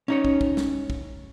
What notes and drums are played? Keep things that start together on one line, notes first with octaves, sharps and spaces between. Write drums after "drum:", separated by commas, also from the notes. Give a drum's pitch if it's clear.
C#4 D#4 C#5
drum: kick
drum: kick
drum: snare
drum: kick